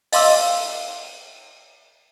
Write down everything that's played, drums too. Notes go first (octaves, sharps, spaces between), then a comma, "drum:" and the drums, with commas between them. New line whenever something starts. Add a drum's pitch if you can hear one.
D#5 F5 C6 D6 E6, drum: open hi-hat